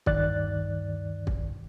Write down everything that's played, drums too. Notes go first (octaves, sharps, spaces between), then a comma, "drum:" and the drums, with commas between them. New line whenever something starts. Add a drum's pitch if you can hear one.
D2 G2 D#3 D5 F#6 A6, drum: kick
drum: kick